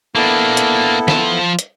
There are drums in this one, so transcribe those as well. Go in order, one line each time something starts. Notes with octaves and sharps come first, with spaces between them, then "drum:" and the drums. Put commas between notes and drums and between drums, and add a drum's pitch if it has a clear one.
A#3 B3 D4 E4 A4
drum: hi-hat
F3 A5, drum: snare
drum: hi-hat